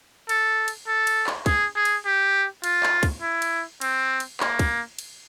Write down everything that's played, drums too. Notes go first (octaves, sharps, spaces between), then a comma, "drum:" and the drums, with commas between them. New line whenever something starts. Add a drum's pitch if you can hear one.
A4, drum: cymbal
drum: cymbal
A4
drum: cymbal
drum: clap
G#4, drum: kick, cymbal
G#4
drum: cymbal
G4
F4, drum: cymbal
drum: clap
drum: kick, cymbal
E4
drum: cymbal
C4, drum: cymbal
drum: cymbal
A#3, drum: clap
drum: kick, cymbal
drum: cymbal